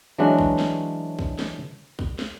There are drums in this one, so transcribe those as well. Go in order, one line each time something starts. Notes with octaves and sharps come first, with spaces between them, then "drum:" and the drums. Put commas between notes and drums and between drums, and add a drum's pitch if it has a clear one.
E3 F#3 G#3 C#4 D4 F#4
drum: kick A#1
drum: snare
drum: kick A#1
drum: snare
drum: kick A#1
drum: snare